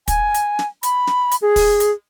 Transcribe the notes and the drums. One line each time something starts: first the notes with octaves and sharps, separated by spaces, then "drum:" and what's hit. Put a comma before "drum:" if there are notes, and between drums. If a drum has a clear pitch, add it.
G#5, drum: kick, hi-hat
drum: hi-hat
drum: snare
B5, drum: hi-hat
drum: snare
drum: hi-hat
G#4
drum: kick, open hi-hat
drum: hi-hat